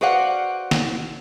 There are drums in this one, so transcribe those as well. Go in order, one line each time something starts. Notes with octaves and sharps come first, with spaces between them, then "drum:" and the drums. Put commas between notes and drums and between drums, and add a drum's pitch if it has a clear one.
F#4 B4 C5 D5 F5 F#5
drum: snare